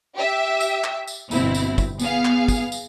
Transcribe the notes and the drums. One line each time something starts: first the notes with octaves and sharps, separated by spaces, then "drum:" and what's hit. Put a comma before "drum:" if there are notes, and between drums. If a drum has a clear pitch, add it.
G4 E5
drum: tambourine
drum: clap
drum: tambourine
G1 B2 C4 E4, drum: tambourine
drum: tambourine
drum: kick, tambourine
B3 G#4 F5, drum: tambourine
drum: clap
drum: kick, tambourine
drum: tambourine